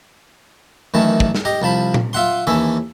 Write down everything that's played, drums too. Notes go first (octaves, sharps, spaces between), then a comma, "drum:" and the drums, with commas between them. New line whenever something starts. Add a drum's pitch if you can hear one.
F#2 D#3 E3 A3 A5
drum: kick
drum: snare
G4 D#5 A#5
C2 F3 A5 B5
drum: tom A#2
F4 E5 F#5 C6
D#2 E3 C#4 A4 E5